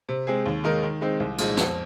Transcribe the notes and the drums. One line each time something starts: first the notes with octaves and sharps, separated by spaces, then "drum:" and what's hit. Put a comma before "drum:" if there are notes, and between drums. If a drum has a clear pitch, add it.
C3
G#3 C4 G#4
D#2
D#3 G#3 D#4 A#4
D#3
G#3 C4 D#4
C2
A#2 F3 G#3 D#4, drum: cymbal
F2, drum: snare